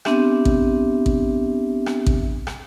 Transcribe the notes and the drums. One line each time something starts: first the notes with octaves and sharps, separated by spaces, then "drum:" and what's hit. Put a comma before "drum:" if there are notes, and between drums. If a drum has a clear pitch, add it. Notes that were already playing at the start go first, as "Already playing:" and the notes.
B3 C4 D4 G4 E5, drum: rim click
drum: kick A1
drum: kick A1
drum: rim click
drum: kick A1
drum: rim click